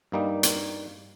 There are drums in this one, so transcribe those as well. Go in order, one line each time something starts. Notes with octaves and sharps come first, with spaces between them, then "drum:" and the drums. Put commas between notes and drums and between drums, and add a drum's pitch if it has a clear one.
G2 G3 A#3 D#4
drum: hi-hat